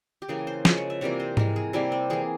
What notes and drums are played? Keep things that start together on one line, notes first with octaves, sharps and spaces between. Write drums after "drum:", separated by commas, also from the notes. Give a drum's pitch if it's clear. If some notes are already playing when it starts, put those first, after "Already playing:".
G4
C#3 E3 A#3 G#4
C5
C#3 F3 G#3 E5, drum: snare
C#5
E5
C3 E3 G3 A#3 C#5
C5
E3 G#3 A#4, drum: tom G#2
G#4
C3 G3 A#3 E4
C4
E3 A#3 G#4